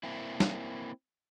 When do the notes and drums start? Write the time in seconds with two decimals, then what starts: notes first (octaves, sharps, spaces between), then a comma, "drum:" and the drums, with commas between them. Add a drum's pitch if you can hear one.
0.03 A#3 C4 E4
0.40 drum: snare